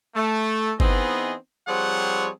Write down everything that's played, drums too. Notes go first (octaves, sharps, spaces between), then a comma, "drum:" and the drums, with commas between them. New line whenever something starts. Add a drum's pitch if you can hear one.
A3
E3 B3 C4 D#4 G#4 D#5, drum: kick G1
F3 G3 C4 G#4 C#5 F#5